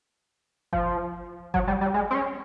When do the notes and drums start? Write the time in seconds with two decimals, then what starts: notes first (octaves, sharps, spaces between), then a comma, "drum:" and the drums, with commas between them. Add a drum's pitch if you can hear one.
0.73 F3, drum: kick G1
1.54 F#3, drum: kick G1
1.67 G3
1.81 G3
1.94 G#3
2.11 C4
2.15 C#4